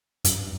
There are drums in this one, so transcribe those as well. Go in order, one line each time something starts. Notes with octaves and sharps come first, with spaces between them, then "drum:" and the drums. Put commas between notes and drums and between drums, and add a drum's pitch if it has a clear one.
G2, drum: hi-hat